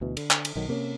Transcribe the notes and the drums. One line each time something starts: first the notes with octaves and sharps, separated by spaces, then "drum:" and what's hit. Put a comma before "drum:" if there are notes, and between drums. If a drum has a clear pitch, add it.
D2 B2 E3
D3, drum: cymbal
drum: clap
drum: cymbal
B1 D#3 F#3
C3 A#3 C4 C#4